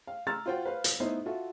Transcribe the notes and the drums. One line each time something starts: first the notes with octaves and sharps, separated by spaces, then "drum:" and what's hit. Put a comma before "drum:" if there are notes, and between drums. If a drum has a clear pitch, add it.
F5
A#5 E6 F6 A6
F4 F#4 C5 F#5 G5
B4 C5 F5
drum: hi-hat
A3 B3 D#4 E4 C5 D#5
F4 F#4 A4 E5